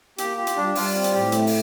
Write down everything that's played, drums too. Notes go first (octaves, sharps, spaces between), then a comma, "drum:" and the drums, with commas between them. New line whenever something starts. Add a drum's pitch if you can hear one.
A#3 G4, drum: hi-hat
F4 G4
drum: hi-hat
G3 D4
G3 F4, drum: open hi-hat
C4 F4
drum: hi-hat
A2 G4
A3, drum: hi-hat
drum: open hi-hat